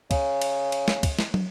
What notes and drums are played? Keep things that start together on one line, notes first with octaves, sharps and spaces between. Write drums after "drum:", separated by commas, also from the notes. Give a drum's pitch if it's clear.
C#3, drum: kick, cymbal
drum: cymbal
drum: cymbal
drum: snare
drum: kick, cymbal
drum: snare
drum: tom